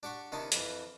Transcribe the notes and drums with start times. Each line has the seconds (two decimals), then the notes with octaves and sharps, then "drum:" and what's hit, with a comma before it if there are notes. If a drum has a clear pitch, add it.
0.03 D4 G4 F#5 C#6
0.32 C3 D#3 D4 E4 A5 D#6
0.52 F2 E3, drum: hi-hat